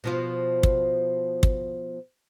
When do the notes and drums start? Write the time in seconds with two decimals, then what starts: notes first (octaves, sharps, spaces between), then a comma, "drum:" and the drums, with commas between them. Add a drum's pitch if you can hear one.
0.04 B2 F3 F4
0.63 drum: kick
1.43 drum: kick